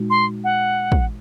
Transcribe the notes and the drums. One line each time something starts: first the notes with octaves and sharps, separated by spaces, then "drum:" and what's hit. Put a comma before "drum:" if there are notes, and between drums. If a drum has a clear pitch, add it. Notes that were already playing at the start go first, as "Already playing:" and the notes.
Already playing: A#2 G#3 D#4 F#4
C6
F#5
drum: kick